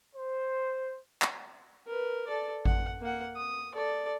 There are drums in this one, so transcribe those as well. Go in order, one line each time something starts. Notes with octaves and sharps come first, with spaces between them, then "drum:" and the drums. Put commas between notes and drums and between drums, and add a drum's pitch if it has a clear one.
C5
drum: clap
A#4 B4
A4 D5
F#5, drum: kick G#1
A#3 F#5
D#6
A4 D5